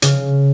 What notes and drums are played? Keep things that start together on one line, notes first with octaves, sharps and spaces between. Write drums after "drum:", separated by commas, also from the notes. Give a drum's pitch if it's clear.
C#3, drum: hi-hat